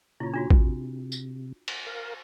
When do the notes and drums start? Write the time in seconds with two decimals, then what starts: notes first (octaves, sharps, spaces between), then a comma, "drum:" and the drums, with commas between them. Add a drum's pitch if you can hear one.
0.20 A#2 C#3 E4 F4 C#5
0.34 D4 F4 F#4
0.50 C3, drum: kick A1
1.12 drum: tambourine
1.68 drum: cymbal
1.87 A#4 F5